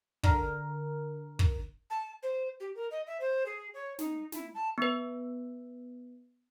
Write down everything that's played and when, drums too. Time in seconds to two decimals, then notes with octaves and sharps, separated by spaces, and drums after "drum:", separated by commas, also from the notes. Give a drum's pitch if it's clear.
0.23 D3 A#4, drum: kick
1.39 drum: kick
1.90 A5
2.23 C5
2.60 G4
2.75 A#4
2.91 D#5
3.07 E5
3.20 C5
3.46 G#4
3.74 C#5
3.99 D#4, drum: snare
4.32 E4, drum: snare
4.54 A5
4.78 B3 B4